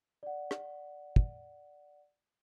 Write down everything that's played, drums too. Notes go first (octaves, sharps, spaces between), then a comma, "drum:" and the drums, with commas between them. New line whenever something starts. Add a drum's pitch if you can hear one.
D5 F#5
drum: rim click
drum: kick